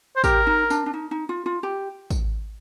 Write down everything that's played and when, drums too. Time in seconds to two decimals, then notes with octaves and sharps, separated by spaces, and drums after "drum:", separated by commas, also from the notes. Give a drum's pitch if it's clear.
0.16 C5
0.24 G4 A#4, drum: kick, tambourine
0.47 D#4
0.70 D4, drum: tambourine
0.86 D4
0.93 D#4
1.11 D#4
1.29 F4
1.46 F4
1.63 G4
2.10 drum: kick, tambourine